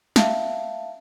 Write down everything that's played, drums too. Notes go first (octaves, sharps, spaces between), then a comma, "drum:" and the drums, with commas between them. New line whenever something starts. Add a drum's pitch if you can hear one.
E5 F5 A5, drum: snare